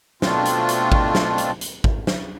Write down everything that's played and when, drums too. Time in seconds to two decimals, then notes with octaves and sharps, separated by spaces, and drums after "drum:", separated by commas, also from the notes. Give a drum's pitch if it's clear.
0.22 B2 A3 C4 D4 F4, drum: snare
0.45 drum: hi-hat
0.68 drum: hi-hat
0.92 drum: kick G#1
1.15 drum: snare
1.38 drum: hi-hat
1.61 drum: hi-hat
1.84 drum: kick G#1
2.07 drum: snare